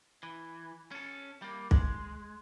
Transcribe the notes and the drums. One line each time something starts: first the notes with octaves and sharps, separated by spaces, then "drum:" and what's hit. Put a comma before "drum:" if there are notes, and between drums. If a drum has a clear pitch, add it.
E3
C#4 A4
G3 A#3
G#3, drum: kick